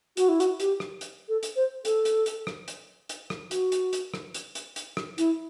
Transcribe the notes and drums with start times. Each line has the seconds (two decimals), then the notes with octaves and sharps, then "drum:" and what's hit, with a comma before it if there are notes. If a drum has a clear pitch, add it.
0.17 F#4, drum: hi-hat
0.29 E4
0.40 F#4, drum: hi-hat
0.60 G4, drum: hi-hat
0.80 drum: rim click
1.01 drum: hi-hat
1.29 A4
1.43 drum: hi-hat
1.56 C5
1.85 A4, drum: hi-hat
2.05 drum: hi-hat
2.26 drum: hi-hat
2.47 drum: rim click
2.68 drum: hi-hat
3.09 drum: hi-hat
3.30 drum: rim click
3.51 F#4, drum: hi-hat
3.72 drum: hi-hat
3.93 drum: hi-hat
4.14 drum: rim click
4.34 drum: hi-hat
4.55 drum: hi-hat
4.76 drum: hi-hat
4.97 drum: rim click
5.18 E4, drum: hi-hat